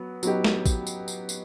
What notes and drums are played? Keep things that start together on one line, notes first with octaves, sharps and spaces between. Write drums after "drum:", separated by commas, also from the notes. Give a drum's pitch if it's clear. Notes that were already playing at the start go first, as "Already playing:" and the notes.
Already playing: F#3 B3
F#3 B3 D#4 G4, drum: tambourine
drum: snare
drum: kick A1, tambourine
drum: tambourine
drum: tambourine
drum: tambourine